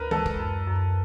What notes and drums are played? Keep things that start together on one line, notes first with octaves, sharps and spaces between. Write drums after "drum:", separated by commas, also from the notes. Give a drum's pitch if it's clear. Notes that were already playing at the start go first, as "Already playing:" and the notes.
Already playing: D2 A#4 B4
G#3 A4, drum: tom
drum: kick
F#2
F#2